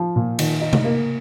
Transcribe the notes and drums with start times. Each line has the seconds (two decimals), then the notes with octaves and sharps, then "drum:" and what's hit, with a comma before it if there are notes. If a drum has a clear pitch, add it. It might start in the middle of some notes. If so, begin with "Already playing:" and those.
Already playing: F3
0.16 A#2
0.39 D#3, drum: cymbal
0.61 D#4
0.73 drum: tom C3
0.84 A#3